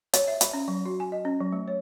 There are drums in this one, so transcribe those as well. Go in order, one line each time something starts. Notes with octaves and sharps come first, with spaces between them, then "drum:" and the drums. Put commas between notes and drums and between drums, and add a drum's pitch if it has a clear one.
C#5, drum: hi-hat
E5
B5, drum: hi-hat
C#4
F#3
F#4
G#5
D#5
C#4
F#3
A3
C#5